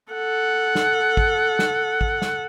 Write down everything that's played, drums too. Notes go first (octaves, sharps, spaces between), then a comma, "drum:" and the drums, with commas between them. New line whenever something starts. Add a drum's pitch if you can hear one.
A4 F#5
drum: snare
drum: kick
drum: snare
drum: kick
drum: snare